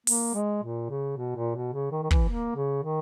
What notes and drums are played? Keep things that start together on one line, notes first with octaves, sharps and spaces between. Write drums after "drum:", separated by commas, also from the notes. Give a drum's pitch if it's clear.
A#3, drum: open hi-hat
G#3
A#2
C#3
B2
A#2
B2
C#3
D#3
D#3
E3, drum: kick
A#3
C#3
D#3